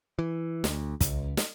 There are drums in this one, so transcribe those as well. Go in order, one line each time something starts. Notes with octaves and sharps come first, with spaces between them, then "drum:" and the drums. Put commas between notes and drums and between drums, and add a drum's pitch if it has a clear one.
E3
D2, drum: snare
C#2, drum: kick, hi-hat
drum: snare